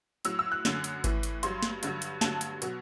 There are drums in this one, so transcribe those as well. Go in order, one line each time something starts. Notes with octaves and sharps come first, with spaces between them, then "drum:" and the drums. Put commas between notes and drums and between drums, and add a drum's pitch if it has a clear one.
A2 F#3 E6, drum: hi-hat
E6
F#6
F#2 D3 F#3, drum: snare
drum: hi-hat
A2 E3, drum: kick G#1, hi-hat
drum: hi-hat
G2 F#3 C6, drum: hi-hat
drum: snare
G2 D3 F#3, drum: hi-hat
drum: hi-hat
G2 D3 F#3 A5, drum: snare
drum: hi-hat
B2 F#3, drum: hi-hat